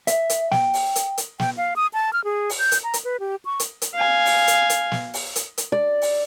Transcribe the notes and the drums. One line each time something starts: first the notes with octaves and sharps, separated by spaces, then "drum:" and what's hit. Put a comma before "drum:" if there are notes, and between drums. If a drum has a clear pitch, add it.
E5, drum: hi-hat
drum: hi-hat
G5, drum: snare
drum: open hi-hat
drum: hi-hat
drum: hi-hat
G5, drum: snare
F5
D#6
A5
F6
G#4
drum: open hi-hat
G6
drum: hi-hat
A#5
drum: hi-hat
B4
G4
C#6
drum: hi-hat
drum: hi-hat
F5 G#5
drum: open hi-hat
drum: hi-hat
drum: hi-hat
drum: snare
drum: open hi-hat
drum: hi-hat
drum: hi-hat
D5
drum: open hi-hat